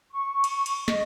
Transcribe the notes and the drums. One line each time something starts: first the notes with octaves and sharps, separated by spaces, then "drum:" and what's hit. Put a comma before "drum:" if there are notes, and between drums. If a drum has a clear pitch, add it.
C#6
drum: cymbal
drum: cymbal
D#5, drum: snare